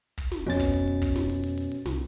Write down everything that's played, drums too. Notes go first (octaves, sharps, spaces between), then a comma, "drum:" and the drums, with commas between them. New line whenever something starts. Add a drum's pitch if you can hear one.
drum: kick, hi-hat
drum: snare
F2 B2 C#4 A6, drum: open hi-hat
drum: kick, hi-hat
drum: hi-hat
drum: open hi-hat
drum: kick, hi-hat
drum: snare
drum: hi-hat
drum: hi-hat
drum: hi-hat
drum: open hi-hat
C2, drum: snare